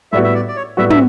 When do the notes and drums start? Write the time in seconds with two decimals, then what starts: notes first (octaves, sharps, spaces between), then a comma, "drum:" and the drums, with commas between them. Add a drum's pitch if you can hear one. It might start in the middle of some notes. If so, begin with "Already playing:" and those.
0.12 A2 G3 B3 F#4 E5
0.24 E5
0.35 D5
0.48 D5
0.56 C#5
0.77 A2 G3 B3 F#4 E5
0.90 E5, drum: tom